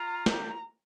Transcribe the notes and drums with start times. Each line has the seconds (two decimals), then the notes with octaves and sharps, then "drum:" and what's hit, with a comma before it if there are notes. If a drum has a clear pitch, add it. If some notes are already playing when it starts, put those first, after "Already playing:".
Already playing: F4 A#5
0.26 G4, drum: snare